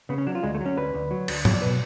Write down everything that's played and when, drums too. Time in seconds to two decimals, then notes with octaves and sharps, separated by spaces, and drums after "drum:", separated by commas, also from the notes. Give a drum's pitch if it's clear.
0.09 C#3 B3
0.18 C#4
0.27 F#3 D4
0.35 F4
0.43 D2 G#3
0.55 A3
0.61 F#3
0.66 C#4
0.77 D2 B4
0.94 D2
1.11 F#3
1.28 D2, drum: cymbal
1.45 F#3 C#5, drum: tom G#2
1.54 D5
1.62 B2 B4